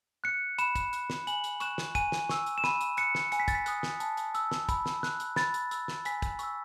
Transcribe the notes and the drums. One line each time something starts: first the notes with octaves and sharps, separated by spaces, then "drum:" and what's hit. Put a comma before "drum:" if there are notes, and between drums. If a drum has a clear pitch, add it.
F#6 C#7
B5 E7, drum: hi-hat
drum: kick, hi-hat
F#6, drum: hi-hat
drum: snare
G#5 F#7, drum: hi-hat
drum: hi-hat
C#6 F#6 E7, drum: hi-hat
drum: snare
G#5 D#7, drum: kick, hi-hat
drum: snare
C#6 E6, drum: snare
drum: hi-hat
E7
B5 D#7, drum: snare
drum: hi-hat
F#6 C#7, drum: hi-hat
drum: snare
G#5 C#7, drum: hi-hat
B6
A6, drum: kick, hi-hat
B6
D#6 F#6, drum: hi-hat
drum: snare
A5, drum: hi-hat
drum: hi-hat
E6, drum: hi-hat
drum: snare
B5, drum: kick, hi-hat
drum: snare
F#6, drum: snare
drum: hi-hat
B5 A6, drum: snare
drum: hi-hat
E6, drum: hi-hat
drum: snare
G#5 B6, drum: hi-hat
drum: kick, hi-hat
C#6 E6, drum: hi-hat